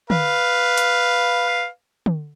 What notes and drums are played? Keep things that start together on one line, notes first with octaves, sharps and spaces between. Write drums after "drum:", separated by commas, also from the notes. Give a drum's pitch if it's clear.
B4 F5, drum: tom D3
drum: hi-hat
drum: tom D3